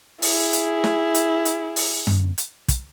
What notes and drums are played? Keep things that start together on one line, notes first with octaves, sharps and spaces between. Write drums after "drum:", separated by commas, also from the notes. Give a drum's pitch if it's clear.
E4 G#4, drum: open hi-hat
drum: hi-hat
drum: snare
drum: hi-hat
drum: hi-hat
drum: open hi-hat
drum: tom F#2
drum: hi-hat
drum: kick, hi-hat